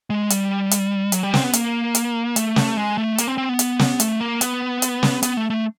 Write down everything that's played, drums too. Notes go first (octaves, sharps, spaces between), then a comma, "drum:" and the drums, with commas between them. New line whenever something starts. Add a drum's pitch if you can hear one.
G#3
G3, drum: hi-hat
drum: hi-hat
F#3, drum: hi-hat
G3
C4, drum: snare
B3
A#3, drum: hi-hat
drum: hi-hat
A3, drum: hi-hat
drum: snare
G#3
A3
A#3, drum: hi-hat
C4
C4
B3
drum: hi-hat
drum: snare
A3, drum: hi-hat
A#3
B3, drum: hi-hat
drum: hi-hat
drum: snare
B3, drum: hi-hat
A3
A3